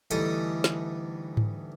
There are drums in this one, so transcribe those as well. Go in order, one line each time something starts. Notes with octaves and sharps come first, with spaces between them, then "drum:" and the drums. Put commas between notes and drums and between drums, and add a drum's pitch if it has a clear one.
D2 E3 G3 D#4 A4 D#6, drum: hi-hat
drum: snare
drum: tom G#2